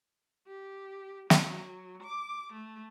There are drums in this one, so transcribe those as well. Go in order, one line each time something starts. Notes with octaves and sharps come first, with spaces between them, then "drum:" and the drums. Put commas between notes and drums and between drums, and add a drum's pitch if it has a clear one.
G4
F#3, drum: snare
D6
A3